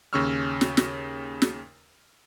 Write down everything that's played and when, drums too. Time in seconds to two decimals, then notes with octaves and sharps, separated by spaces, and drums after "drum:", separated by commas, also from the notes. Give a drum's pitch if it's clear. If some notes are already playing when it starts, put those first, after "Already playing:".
0.13 D#2 C#3 C#4 C#6 E6 F6
0.61 drum: snare
0.77 drum: snare
1.42 drum: snare